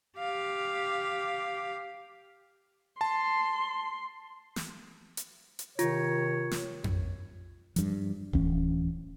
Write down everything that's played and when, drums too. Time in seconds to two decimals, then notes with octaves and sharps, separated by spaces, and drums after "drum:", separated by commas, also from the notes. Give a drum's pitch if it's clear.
0.18 G4 F5
3.01 A5 C6
4.56 drum: snare
5.17 drum: hi-hat
5.59 drum: hi-hat
5.79 C3 D#3 F4 C#5, drum: hi-hat
6.51 drum: snare
6.84 drum: tom F2
7.76 G2 F3, drum: hi-hat
8.33 D1 E3 C#4, drum: kick D#1